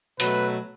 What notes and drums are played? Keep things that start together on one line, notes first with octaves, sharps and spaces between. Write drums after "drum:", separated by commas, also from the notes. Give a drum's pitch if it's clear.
B2 F#3 A3 B4, drum: hi-hat